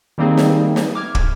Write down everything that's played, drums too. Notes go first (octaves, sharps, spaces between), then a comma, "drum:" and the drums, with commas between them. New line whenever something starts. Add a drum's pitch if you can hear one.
D#3 G3 A#3 C4 D#4 G#4
drum: snare
drum: snare
D6 F6 G#6
drum: kick